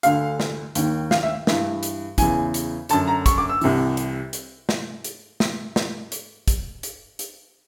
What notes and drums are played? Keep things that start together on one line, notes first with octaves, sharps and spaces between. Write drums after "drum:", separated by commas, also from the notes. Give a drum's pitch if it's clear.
D2 D3 F5, drum: hi-hat
drum: snare
D#2 D#3, drum: hi-hat
F5, drum: snare
E5
G2 E3, drum: snare
drum: hi-hat
E2 C#3 E3 G#5, drum: kick, hi-hat
drum: hi-hat
F#2 D3 A5, drum: hi-hat
A#5
C#6, drum: kick, hi-hat
D6
E6
C2 C3 E3, drum: open hi-hat
drum: hi-hat
drum: hi-hat
drum: snare
drum: hi-hat
drum: snare
drum: snare
drum: hi-hat
drum: kick, hi-hat
drum: hi-hat
drum: hi-hat